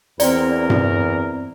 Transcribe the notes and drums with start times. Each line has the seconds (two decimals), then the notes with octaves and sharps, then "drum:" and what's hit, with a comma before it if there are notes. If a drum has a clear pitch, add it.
0.20 E2 C4 A#4 D5 A#5, drum: hi-hat
0.70 drum: tom G2